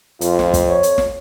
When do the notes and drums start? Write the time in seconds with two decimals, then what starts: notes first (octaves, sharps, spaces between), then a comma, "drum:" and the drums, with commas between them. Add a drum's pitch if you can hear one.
0.21 F2 F4, drum: hi-hat
0.39 drum: snare
0.54 drum: kick, hi-hat
0.68 C#5
0.83 drum: hi-hat
0.98 drum: snare